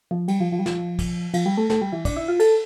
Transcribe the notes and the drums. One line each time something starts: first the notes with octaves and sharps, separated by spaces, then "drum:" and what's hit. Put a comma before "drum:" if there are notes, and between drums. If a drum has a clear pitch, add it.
F3
G3, drum: cymbal
F3
F3
G3
F3, drum: snare
drum: kick, cymbal
F3, drum: cymbal
G3
A3
A3, drum: snare
G3
E3
D4, drum: kick, cymbal
E4
F4
A4, drum: cymbal